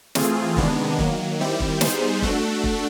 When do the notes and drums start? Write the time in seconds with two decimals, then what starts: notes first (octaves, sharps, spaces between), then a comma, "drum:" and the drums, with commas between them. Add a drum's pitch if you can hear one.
0.15 E3 A3 C4 F4 G#4, drum: snare
0.57 C3 D#3 G#3 B3 D4, drum: kick
0.99 D#3 F#3 A#3, drum: kick
1.39 D#3 G3 C4 E4 G4
1.60 drum: kick
1.81 G3 B3 D#4 G#4 C5, drum: snare
2.22 A3 D4 F#4 A4, drum: kick
2.64 drum: kick